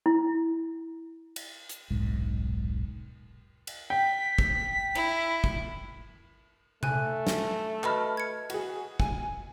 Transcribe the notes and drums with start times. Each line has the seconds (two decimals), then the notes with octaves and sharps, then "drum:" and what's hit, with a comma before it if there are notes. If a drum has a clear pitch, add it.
0.06 E4
1.36 drum: cymbal
1.69 drum: hi-hat
1.90 D#1 B1 G#2
3.67 drum: cymbal
3.90 G5 B6
4.38 drum: kick
4.95 E4, drum: cymbal
5.44 drum: kick
6.83 A3 G#5 F#6, drum: tom C3
7.27 drum: snare
7.84 B4 D#5 A5 B5 F6, drum: clap
8.17 G#6 C#7
8.50 F#4 G#4, drum: cymbal
9.00 G#5, drum: kick